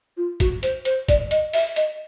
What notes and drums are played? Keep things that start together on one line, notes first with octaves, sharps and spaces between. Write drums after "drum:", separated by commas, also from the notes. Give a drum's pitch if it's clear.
F4
F#4, drum: kick, hi-hat
C5, drum: hi-hat
C5, drum: hi-hat
D5, drum: kick, hi-hat
D#5, drum: hi-hat
E5, drum: open hi-hat
D#5, drum: hi-hat